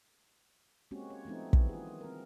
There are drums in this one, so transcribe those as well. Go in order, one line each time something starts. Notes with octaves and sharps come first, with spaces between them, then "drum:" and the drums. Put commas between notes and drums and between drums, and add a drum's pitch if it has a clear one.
G#3 A#3 C4 C#4 F#4 G4
C#5
F3 A3 B3 C4 D#4
D#3 E3 G3 B3, drum: kick
F4 G#4
C4 A#4